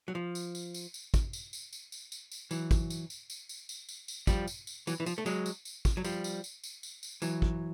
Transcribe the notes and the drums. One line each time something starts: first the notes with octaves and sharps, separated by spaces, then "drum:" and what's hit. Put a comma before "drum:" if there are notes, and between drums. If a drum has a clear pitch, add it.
F#3
F3
drum: tambourine
drum: tambourine
drum: tambourine
drum: tambourine
drum: kick, tambourine
drum: tambourine
drum: tambourine
drum: tambourine
drum: tambourine
drum: tambourine
drum: tambourine
E3 F#3, drum: tambourine
drum: kick, tambourine
drum: tambourine
drum: tambourine
drum: tambourine
drum: tambourine
drum: tambourine
drum: tambourine
drum: tambourine
F3 G3, drum: kick, tambourine
drum: tambourine
drum: tambourine
E3 F#3, drum: tambourine
E3
F3, drum: tambourine
A3
F#3 G#3, drum: tambourine
drum: tambourine
drum: tambourine
drum: kick, tambourine
F#3
F3 G3, drum: tambourine
drum: tambourine
drum: tambourine
drum: tambourine
drum: tambourine
drum: tambourine
E3 F#3, drum: tambourine
drum: kick